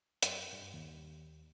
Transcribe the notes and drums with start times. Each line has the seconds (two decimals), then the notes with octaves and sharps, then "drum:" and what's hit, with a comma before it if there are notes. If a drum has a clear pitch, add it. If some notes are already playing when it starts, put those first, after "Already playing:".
0.23 F#2, drum: hi-hat
0.53 G2
0.74 D#2